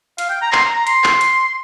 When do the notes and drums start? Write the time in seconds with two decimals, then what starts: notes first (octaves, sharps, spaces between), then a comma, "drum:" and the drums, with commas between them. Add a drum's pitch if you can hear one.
0.18 F5, drum: hi-hat
0.30 G5
0.41 A#5
0.52 C6, drum: clap
0.64 A#5
0.76 A#5
0.87 C6, drum: hi-hat
1.04 drum: clap
1.21 drum: hi-hat